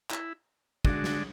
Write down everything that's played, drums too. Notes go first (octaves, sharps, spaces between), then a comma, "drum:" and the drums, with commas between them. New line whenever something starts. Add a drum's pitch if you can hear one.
E4, drum: clap
D3 G#3 D4 F#4, drum: kick
drum: snare